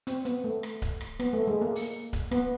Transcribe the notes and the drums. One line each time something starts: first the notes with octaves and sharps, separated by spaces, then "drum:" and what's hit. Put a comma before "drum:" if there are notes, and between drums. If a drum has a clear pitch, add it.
C4, drum: hi-hat
B3, drum: hi-hat
A3
drum: rim click
drum: kick C#1, hi-hat
drum: rim click
B3, drum: rim click
A3
G#3
A#3
drum: open hi-hat
drum: kick C#1, hi-hat
B3, drum: rim click